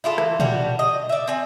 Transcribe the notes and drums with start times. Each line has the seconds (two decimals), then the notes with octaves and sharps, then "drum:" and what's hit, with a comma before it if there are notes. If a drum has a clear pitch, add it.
0.04 E4 F4 G4 A4
0.18 E3, drum: rim click
0.40 G3 D4 F#4, drum: tom A#2
0.79 D#5
1.09 D5 E5
1.28 C4 G#5